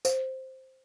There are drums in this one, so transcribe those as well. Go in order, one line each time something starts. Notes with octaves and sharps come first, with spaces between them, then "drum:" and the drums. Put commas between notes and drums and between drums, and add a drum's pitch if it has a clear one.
C5, drum: tambourine